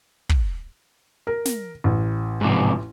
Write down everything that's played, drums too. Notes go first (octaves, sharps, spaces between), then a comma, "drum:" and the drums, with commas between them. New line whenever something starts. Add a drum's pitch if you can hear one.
drum: kick
A#4
drum: snare
A1
G#2 C3 F3